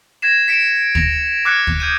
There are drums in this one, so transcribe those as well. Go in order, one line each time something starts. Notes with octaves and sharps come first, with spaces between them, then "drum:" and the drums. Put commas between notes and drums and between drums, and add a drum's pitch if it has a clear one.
G#6 A#6 C7 E7
B6 C#7 D7 E7
A#6 F7, drum: kick
D6 F6 F#6 G#6 C7 C#7
drum: kick
D#6 G6 D#7